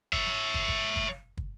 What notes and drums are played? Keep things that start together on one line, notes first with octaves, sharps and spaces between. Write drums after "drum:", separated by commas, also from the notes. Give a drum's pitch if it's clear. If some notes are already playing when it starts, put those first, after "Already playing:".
C#5 E5, drum: kick
drum: snare
drum: kick
drum: kick
drum: kick
drum: snare
drum: kick